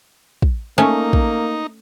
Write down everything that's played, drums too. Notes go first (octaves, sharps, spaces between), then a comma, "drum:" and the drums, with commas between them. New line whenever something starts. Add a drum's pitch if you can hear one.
drum: kick
A3 A#3 C#4 D#4
drum: kick